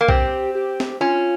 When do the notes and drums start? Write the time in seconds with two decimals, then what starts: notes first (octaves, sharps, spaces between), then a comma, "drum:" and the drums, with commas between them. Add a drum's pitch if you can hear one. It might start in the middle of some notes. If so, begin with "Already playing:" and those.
0.01 A#3
0.09 C4 G4, drum: kick B1
0.55 G4
0.80 drum: snare
1.01 C#4 F4